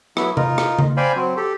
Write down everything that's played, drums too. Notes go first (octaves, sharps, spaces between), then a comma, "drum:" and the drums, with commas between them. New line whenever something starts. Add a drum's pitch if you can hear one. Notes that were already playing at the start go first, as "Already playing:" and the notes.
F#3 B3 E4, drum: rim click
D#4 F4 A#4, drum: tom C3
drum: rim click
drum: tom C#3
C5 D5 F5 G5 G#5 B5
F#3 C4
G4 A4